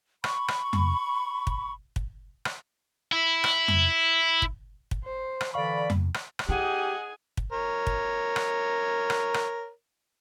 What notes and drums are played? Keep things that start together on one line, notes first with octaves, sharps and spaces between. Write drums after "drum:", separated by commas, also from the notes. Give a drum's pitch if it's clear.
B5 C#6, drum: rim click
drum: rim click
drum: tom F2
drum: kick
drum: kick
drum: rim click
E4
drum: rim click
drum: tom F2
drum: kick
drum: kick
C5
drum: rim click
D3 E3 D5 F5 B5 C#6
drum: tom F2
drum: rim click
drum: rim click
E4 G4 G#4 D#5 F#5 G#5
drum: kick
A#4 C#5
drum: kick
drum: rim click
drum: rim click
drum: rim click